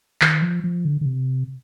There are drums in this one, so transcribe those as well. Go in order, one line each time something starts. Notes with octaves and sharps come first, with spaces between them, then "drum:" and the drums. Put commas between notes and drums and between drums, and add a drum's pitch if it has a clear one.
D#3, drum: clap
F3
F3
D3
D3
C3